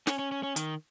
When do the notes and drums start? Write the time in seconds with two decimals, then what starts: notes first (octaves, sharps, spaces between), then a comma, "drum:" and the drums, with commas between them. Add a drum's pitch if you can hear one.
0.07 C#4, drum: snare
0.19 C#4
0.32 C#4
0.43 C#4
0.56 D#3, drum: hi-hat